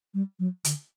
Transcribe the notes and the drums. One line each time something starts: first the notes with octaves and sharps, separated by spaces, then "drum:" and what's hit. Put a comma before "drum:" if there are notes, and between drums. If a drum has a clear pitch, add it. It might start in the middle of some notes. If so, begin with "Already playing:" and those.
G3
F#3
D3, drum: hi-hat